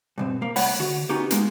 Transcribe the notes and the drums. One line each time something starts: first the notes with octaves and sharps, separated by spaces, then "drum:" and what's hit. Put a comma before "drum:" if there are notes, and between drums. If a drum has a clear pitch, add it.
G2 B2 C4
A#3
C2 A3 C#5 F#5 B5, drum: open hi-hat
D3 F#4
B3 C#4 D#4 F#4 G4
G#3 A#3 B3 D#4 F4, drum: hi-hat